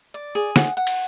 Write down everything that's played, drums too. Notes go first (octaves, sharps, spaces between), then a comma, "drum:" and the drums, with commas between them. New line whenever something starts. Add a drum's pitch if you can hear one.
D5
G#4
F#5, drum: snare
F#5
drum: cymbal